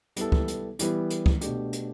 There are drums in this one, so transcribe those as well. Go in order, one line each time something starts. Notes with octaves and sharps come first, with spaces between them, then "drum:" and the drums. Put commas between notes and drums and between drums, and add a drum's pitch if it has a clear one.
G3 B3 E4 A4, drum: hi-hat
drum: kick
drum: hi-hat
E3 G3 B3 E4, drum: hi-hat
drum: hi-hat
drum: kick
B2 A3 D4 G4, drum: hi-hat
drum: hi-hat